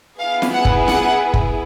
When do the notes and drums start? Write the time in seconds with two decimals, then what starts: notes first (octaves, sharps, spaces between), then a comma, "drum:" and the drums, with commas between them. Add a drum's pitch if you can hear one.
0.19 B3 E4 G#4 F5
0.42 drum: snare
0.53 F#5
0.65 drum: kick
0.88 F#5, drum: snare
1.34 drum: kick